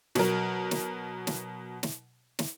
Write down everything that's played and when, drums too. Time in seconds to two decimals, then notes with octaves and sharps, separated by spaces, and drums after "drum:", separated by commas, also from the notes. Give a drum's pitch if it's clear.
0.15 B2 F#3 A#4, drum: snare
0.71 drum: snare
1.27 drum: snare
1.83 drum: snare
2.39 drum: snare